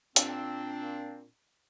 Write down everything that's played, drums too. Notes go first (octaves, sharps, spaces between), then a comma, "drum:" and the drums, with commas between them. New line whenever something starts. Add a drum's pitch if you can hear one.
A#2 C4 D4, drum: hi-hat